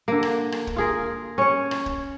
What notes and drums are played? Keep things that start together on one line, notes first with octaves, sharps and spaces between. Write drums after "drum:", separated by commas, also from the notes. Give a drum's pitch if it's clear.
D3 A#3
drum: rim click
drum: rim click
drum: kick
F4 G#4 A#4
C#4 C#5
drum: rim click
drum: kick